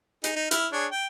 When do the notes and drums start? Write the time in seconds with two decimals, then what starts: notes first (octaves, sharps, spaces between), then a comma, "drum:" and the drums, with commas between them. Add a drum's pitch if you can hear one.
0.24 D#4 G#4, drum: hi-hat
0.36 D#4
0.51 E4 F6, drum: hi-hat
0.72 D4 G#4 C#5
0.92 G5